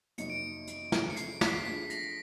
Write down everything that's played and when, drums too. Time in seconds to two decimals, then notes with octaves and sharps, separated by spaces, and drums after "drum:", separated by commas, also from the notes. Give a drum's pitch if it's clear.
0.18 F2 C3 D#3 F#3 A#3 C#7, drum: hi-hat
0.30 D7
0.39 C#7
0.67 drum: hi-hat
0.92 F#2 C#3 F3 A3 C4, drum: snare
1.10 C#7
1.16 C7, drum: hi-hat
1.41 B6, drum: snare
1.65 F3 A3 D4 F4 G#4 B6
1.90 A#6, drum: hi-hat